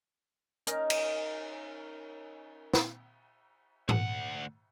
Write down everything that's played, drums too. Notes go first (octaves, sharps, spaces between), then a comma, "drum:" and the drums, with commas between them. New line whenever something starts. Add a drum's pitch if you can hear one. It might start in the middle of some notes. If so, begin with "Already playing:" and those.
C#4 D#4 A#4, drum: hi-hat
drum: cymbal
drum: snare
D2 F#5, drum: tom G#2